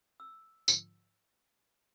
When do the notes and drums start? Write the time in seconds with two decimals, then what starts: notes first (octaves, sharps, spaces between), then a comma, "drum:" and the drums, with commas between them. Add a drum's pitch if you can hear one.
0.20 E6
0.68 G#2 D3 F3, drum: tambourine